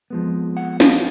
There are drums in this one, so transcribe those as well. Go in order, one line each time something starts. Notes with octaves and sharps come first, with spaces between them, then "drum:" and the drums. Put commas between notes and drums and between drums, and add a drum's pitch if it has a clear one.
F2 F3 G#3 B3
F#5
F5, drum: snare